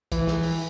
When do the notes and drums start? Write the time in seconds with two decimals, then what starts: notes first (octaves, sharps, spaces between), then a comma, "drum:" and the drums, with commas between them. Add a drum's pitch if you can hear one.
0.12 E3, drum: kick, hi-hat
0.27 drum: snare
0.43 drum: open hi-hat